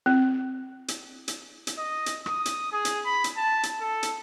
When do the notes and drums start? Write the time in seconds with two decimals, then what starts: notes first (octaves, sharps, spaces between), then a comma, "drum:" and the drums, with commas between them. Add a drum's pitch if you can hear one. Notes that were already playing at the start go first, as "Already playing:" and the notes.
0.06 C4
0.88 drum: hi-hat
1.28 drum: hi-hat
1.67 drum: hi-hat
1.78 D#5
2.06 drum: hi-hat
2.26 D#6, drum: rim click
2.45 drum: hi-hat
2.72 G#4
2.85 drum: hi-hat
3.05 B5
3.24 drum: hi-hat
3.37 A5
3.63 drum: hi-hat
3.81 A4
4.03 drum: hi-hat